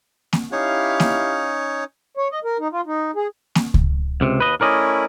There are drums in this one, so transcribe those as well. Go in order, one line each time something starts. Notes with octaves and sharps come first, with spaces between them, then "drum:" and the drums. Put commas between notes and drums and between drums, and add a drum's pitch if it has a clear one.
drum: snare A#3
C#4 D#4 E4 G4 C#5 F5
drum: snare A#3
C#5
D#5
A#4
D#4
F4
D#4
G#4
drum: snare A#3
drum: kick C#2
C#2 C3
D#2 B4 D#5
A3 C#4 E4 A#4 D5 D#5